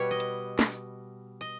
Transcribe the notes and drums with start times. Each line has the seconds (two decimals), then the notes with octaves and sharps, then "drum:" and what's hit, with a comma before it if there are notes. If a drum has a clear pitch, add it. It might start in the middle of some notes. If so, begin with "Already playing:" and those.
Already playing: B2 G3 B4 C#5
0.11 D#5
0.20 drum: hi-hat
0.59 drum: snare
1.41 D#5